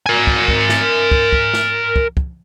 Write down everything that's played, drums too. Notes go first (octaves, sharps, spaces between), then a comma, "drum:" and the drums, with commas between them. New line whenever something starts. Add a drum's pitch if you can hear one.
A#4 G#5
drum: kick
drum: kick
drum: snare
drum: kick
drum: kick
drum: snare
drum: kick
drum: kick